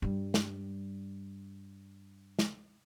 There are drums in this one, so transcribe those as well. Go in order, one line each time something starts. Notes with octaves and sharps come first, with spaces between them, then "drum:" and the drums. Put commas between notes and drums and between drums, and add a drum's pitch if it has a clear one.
G2 G3
drum: snare
drum: snare